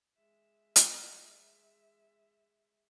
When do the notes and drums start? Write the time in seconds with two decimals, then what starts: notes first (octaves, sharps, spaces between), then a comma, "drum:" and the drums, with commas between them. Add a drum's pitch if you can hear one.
0.16 G#3 E5
0.76 drum: hi-hat